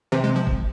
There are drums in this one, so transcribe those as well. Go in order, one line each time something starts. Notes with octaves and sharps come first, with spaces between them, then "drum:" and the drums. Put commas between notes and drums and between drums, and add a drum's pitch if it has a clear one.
C3 E3
G#3
F3
drum: kick F#1